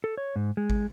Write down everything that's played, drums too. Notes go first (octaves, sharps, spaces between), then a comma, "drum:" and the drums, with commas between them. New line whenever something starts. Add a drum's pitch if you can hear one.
A4
C#5
G#2
G#3
drum: kick G#1